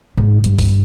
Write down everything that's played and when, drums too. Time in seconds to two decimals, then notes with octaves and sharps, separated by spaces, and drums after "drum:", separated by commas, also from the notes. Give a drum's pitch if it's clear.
0.17 G#2
0.44 G2, drum: hi-hat
0.58 drum: kick B1, open hi-hat